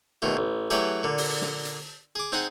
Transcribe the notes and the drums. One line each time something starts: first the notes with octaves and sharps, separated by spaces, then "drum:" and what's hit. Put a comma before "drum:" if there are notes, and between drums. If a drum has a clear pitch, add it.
D#2 B2 A3 F4
A1
E3 F#3 A3 G4 G#4, drum: hi-hat
A#2 D3
drum: open hi-hat
drum: snare
drum: hi-hat
G#4 D6
C4 D#4 G#4 D#5 F#5